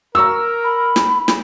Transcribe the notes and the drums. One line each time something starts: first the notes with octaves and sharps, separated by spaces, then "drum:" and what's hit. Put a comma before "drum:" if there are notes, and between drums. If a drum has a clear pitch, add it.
A#4 A#5 C#6 E6
B5
drum: snare
drum: snare